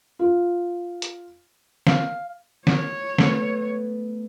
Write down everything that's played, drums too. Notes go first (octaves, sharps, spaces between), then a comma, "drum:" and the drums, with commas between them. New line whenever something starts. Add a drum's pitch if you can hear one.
F4
drum: hi-hat
F5, drum: snare
C#5, drum: snare
A3 B3, drum: snare